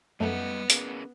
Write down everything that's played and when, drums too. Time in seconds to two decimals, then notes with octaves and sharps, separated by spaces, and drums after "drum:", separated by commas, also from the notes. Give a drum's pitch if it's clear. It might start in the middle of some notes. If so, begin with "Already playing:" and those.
0.20 F#2 G3 A3 B3 D#5 F#5
0.70 C#4 G#4 A#4, drum: hi-hat